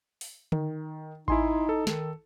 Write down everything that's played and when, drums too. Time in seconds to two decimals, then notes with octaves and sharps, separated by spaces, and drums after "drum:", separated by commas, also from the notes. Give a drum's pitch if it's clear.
0.21 drum: open hi-hat
0.52 D#3, drum: tom D3
1.28 D#4 E4 G#5 C6, drum: kick A1
1.69 A4
1.87 D#3, drum: snare